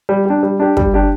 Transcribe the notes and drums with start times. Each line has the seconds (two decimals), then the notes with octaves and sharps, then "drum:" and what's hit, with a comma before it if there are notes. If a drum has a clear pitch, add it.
0.09 G3
0.25 D4 G4
0.43 G3
0.60 D4 G4
0.77 G3, drum: kick
0.94 D4 G4